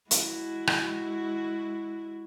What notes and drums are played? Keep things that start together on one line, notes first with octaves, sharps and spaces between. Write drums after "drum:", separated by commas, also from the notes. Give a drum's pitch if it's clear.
G#3 E4 F#4, drum: hi-hat
drum: rim click